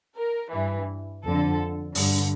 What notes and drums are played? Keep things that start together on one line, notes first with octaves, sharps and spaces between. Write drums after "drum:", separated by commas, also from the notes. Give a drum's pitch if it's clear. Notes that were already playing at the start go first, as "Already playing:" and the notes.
A#4
G2 E3
F2 D3 A4
G2 D3, drum: open hi-hat